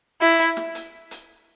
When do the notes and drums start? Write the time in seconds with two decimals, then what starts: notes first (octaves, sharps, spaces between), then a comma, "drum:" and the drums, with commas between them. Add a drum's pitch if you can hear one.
0.21 E4
0.39 drum: hi-hat
0.57 drum: snare
0.75 drum: hi-hat
1.11 drum: hi-hat